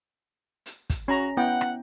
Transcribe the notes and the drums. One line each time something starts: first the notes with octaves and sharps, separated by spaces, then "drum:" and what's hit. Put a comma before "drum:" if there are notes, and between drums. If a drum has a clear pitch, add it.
drum: hi-hat
drum: kick, hi-hat
C#4 F#4 A#5
B3 E4 F#5 G5
drum: rim click